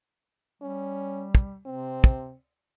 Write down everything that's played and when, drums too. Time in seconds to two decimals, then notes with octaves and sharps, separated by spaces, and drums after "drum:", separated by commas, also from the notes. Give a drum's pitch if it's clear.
0.62 G3 C#4
1.35 drum: kick
1.66 C3 C4
2.04 drum: kick